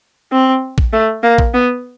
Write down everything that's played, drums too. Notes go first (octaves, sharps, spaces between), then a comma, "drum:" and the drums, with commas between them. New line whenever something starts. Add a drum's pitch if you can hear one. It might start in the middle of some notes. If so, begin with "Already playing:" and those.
C4
drum: kick
A3
A#3
drum: kick
B3